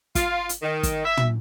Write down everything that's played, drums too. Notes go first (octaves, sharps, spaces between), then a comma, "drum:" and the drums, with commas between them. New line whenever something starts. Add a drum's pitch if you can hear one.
F4, drum: kick, hi-hat
drum: hi-hat
D#3
drum: kick, hi-hat
E5
drum: tom